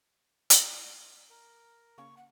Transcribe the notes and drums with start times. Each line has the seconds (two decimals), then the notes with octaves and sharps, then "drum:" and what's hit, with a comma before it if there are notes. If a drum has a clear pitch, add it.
0.50 drum: hi-hat
1.30 A#4
1.98 C#3 A#3 C#4 C#6
2.17 F#5